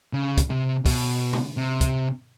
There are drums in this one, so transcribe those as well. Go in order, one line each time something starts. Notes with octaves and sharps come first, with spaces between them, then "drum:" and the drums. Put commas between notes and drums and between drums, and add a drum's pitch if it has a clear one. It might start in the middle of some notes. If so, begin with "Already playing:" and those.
C#3
drum: kick, hi-hat
C3
B2, drum: kick, open hi-hat
drum: tom
C3
drum: kick, hi-hat